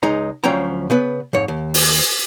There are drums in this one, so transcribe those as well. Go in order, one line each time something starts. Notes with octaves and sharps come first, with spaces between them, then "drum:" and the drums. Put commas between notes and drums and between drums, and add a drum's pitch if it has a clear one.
C#2 G#3 D#4 D#5 A#5
D2 F3 F#3 C#4 G5 A#5
C#3 B3 B4
F2 G#2 C#5
D#2
drum: open hi-hat